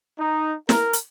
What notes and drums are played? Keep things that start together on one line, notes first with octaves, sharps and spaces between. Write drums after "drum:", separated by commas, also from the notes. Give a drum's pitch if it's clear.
D#4
A#4, drum: snare
drum: hi-hat